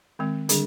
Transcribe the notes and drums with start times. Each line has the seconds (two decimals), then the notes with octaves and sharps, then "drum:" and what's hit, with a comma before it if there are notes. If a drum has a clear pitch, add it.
0.19 D#3 G#3 C4
0.49 D3 G3 D4 G#4, drum: hi-hat